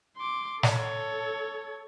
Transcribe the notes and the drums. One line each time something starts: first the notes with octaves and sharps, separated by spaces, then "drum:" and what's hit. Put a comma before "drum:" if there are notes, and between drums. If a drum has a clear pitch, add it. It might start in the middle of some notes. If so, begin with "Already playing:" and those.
C6 D6
A4 C#5, drum: snare